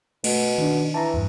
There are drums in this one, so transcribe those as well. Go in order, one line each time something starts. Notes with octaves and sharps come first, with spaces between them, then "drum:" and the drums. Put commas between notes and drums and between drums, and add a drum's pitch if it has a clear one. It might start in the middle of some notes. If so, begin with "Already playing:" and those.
B2 A3, drum: cymbal
D#3 D4
E3 A5 A#5
E2 G2